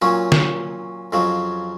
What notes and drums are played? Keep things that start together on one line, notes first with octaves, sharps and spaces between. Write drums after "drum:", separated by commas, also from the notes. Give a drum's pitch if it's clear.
A#2 F#3 C#4
drum: snare
F2 C#3 F#3